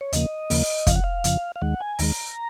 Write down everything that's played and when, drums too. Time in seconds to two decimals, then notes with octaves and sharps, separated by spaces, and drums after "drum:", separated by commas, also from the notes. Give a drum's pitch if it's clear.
0.01 C#5
0.13 D#2 C#3 F3 A#3 D#5, drum: hi-hat
0.50 D#2 C#3 F3 A#3, drum: open hi-hat
0.87 F2 C#3 F3 F5, drum: kick, hi-hat
0.96 F#5
1.04 F5
1.24 F2 C#3 F3, drum: hi-hat
1.56 F5
1.61 D#2 D#3 G#3 F#5
1.81 G#5
1.99 D#2 D#3 G#3 A#5, drum: open hi-hat